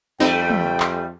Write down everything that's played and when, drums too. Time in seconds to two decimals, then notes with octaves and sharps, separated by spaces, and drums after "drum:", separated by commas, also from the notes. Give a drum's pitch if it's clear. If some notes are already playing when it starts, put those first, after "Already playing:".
0.20 F2 G3 A3 C4 D#4 G5, drum: tambourine
0.50 drum: tom
0.80 drum: clap